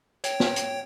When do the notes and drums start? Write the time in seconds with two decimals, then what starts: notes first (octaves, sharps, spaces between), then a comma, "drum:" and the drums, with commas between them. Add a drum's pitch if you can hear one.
0.24 C#5 G5, drum: hi-hat
0.40 drum: snare
0.56 drum: hi-hat